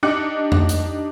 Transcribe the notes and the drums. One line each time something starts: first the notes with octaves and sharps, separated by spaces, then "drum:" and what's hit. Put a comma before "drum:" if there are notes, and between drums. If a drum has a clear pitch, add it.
D4 D#4 G4 D6 F#6 C#7
drum: tom F2
drum: hi-hat